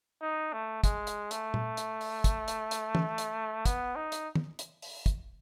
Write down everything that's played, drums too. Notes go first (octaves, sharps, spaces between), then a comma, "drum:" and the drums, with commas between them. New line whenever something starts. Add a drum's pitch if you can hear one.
D#4
A3
G#3, drum: kick, hi-hat
drum: hi-hat
A3, drum: hi-hat
drum: tom A#2
drum: hi-hat
drum: open hi-hat
drum: kick, hi-hat
drum: hi-hat
drum: hi-hat
drum: tom E3
drum: hi-hat
B3, drum: kick, hi-hat
D#4
drum: hi-hat
drum: tom D#3
drum: hi-hat
drum: open hi-hat
drum: kick, hi-hat